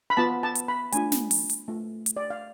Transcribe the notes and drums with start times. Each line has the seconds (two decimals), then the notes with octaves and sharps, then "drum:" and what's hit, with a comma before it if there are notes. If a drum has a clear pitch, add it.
0.10 B5
0.17 B3 F4 A5
0.43 A5
0.55 drum: hi-hat
0.68 B5
0.92 A3 D4 F4 G#5, drum: hi-hat
1.12 drum: snare
1.31 drum: open hi-hat
1.50 drum: hi-hat
1.68 A3 F4
2.06 drum: hi-hat
2.17 D5
2.30 F5